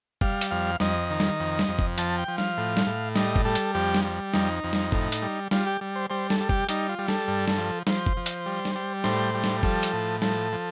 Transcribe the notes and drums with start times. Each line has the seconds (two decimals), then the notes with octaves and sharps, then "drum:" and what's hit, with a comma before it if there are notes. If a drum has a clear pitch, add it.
0.21 G3 F5, drum: kick F#1
0.41 drum: hi-hat
0.51 F2 F5
0.80 F2 D#5, drum: snare G3
1.10 D#3
1.20 drum: snare G3
1.40 F2
1.59 drum: snare G3
1.68 F2
1.79 drum: kick F#1
1.98 F3 A5, drum: hi-hat
2.18 G5
2.28 F3
2.38 F5, drum: snare G3
2.57 A2
2.77 drum: snare G3
2.86 A2
3.16 G3 D#5, drum: snare G3
3.36 drum: kick F#1
3.45 G3 A4
3.55 drum: hi-hat
3.75 F2 G4
3.94 drum: snare G3
4.04 G3
4.34 F2 D#4, drum: snare G3
4.64 F2
4.73 drum: snare G3
4.92 A2, drum: kick F#1
5.12 drum: hi-hat
5.22 G3
5.51 G3 F4, drum: snare G3
5.66 G4
5.81 G3
5.95 C5
6.10 G3 C5
6.30 A4, drum: snare G3
6.40 G3
6.49 G4, drum: kick F#1
6.69 G3 D#4, drum: hi-hat
6.89 F4
6.99 G3
7.08 A4, drum: snare G3
7.28 G2
7.48 drum: snare G3
7.58 F3
7.87 F3 C5, drum: snare G3
8.06 drum: kick F#1
8.17 F3
8.26 drum: hi-hat
8.46 G3
8.65 drum: snare G3
8.75 G3
9.04 A2 C5, drum: snare G3
9.35 G3
9.44 drum: snare G3
9.63 F3 A4, drum: kick F#1
9.83 drum: hi-hat
9.93 A2
10.22 F3 A4, drum: snare G3
10.52 F3